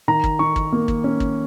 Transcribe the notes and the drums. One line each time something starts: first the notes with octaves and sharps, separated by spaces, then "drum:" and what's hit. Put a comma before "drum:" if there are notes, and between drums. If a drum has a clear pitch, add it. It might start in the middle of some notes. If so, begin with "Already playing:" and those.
D#3 A#5
drum: kick
D#3 C#6
drum: kick
A#3
drum: kick
C#4
drum: kick